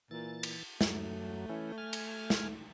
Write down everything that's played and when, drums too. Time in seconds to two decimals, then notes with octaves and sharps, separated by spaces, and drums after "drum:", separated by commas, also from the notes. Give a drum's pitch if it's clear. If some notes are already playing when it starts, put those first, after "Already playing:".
0.11 A#2 E3 A6
0.43 drum: cymbal
0.81 F#2 F#3 A3, drum: snare
1.49 E3 C#4 E4
1.78 G#5 F6
1.93 drum: cymbal
2.30 drum: snare